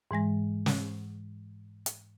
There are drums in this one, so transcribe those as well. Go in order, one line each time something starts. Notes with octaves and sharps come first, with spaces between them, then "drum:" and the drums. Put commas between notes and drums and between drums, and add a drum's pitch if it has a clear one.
G#2 E3 G#3 A#6
drum: snare
drum: hi-hat